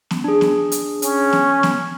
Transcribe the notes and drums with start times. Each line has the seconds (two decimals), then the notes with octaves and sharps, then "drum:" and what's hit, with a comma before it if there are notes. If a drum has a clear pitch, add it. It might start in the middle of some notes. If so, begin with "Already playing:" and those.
0.11 drum: snare B3
0.24 D4 G#4
0.41 drum: snare B3
0.72 drum: hi-hat
1.02 C#4, drum: hi-hat
1.33 drum: snare B3
1.63 drum: snare B3